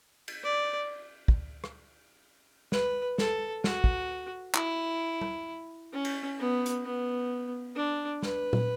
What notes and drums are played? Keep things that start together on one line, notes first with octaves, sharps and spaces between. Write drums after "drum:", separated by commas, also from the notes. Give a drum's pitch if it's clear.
drum: cymbal
D5
drum: kick
drum: rim click
B4, drum: snare
A4, drum: snare
F#4, drum: snare
drum: kick
E4, drum: clap
drum: tom
C#4
drum: cymbal
B3
drum: hi-hat
B3
D4
B4, drum: snare
drum: tom A#2